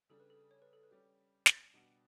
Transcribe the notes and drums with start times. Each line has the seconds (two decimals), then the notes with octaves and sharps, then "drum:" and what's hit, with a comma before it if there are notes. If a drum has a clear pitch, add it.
0.09 C#3 G3 D4 A4
0.20 B4
0.30 A4
0.51 C#5
0.62 B4
0.73 A4
0.83 B4
0.91 G3 C#4 G4
1.46 drum: snare
1.74 B2 G3 B3 D4 G4